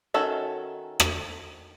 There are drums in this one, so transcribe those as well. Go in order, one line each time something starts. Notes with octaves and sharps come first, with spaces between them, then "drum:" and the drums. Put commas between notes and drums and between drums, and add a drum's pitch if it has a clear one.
D#3 C#4 F#4 A4 E5
drum: rim click